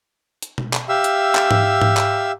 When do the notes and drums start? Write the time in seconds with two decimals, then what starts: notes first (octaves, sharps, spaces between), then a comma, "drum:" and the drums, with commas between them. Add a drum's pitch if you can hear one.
0.42 drum: hi-hat
0.58 drum: tom B2
0.73 drum: clap
0.89 G4 E5 F5 E6
1.04 drum: hi-hat
1.35 drum: clap
1.51 drum: tom G#2
1.81 drum: tom G#2
1.97 drum: clap